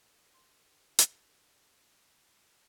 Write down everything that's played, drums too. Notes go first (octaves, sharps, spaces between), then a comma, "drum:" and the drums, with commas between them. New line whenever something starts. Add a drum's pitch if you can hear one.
C2 D3
C6
drum: hi-hat